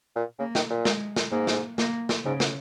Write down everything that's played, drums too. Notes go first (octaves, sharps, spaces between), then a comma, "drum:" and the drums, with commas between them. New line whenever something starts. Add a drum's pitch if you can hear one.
A#2
C#3 A#3
D#3, drum: snare
A#2
G#3, drum: snare
drum: snare
G#2 A#3
drum: snare
A#3, drum: snare
drum: snare
G#2 C#3
drum: snare